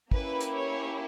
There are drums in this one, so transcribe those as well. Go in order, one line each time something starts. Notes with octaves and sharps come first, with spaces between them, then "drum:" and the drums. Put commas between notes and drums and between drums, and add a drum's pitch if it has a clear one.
A#3 C#4 E4 G4 B4, drum: kick
drum: hi-hat
C#5